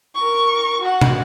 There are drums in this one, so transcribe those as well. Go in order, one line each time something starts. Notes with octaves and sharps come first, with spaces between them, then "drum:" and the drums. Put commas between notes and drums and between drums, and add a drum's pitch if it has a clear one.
A#4 C#6
F#4 F#5
drum: tom